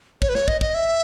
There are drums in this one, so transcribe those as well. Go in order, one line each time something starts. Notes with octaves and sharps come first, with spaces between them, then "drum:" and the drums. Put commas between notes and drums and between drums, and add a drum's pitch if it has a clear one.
C#5, drum: kick
B4
C#5, drum: snare
D#5, drum: kick
D#5, drum: kick
E5